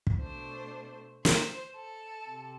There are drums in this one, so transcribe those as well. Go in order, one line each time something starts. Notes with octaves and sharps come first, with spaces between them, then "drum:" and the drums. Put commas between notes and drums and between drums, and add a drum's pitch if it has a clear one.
drum: kick
B2 A3 D4 C5
C5, drum: snare
A4
C3